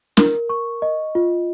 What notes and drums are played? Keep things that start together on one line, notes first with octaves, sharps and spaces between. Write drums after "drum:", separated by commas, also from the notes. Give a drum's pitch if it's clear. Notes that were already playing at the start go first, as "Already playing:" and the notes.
A#4, drum: snare
C#6
D#5
F4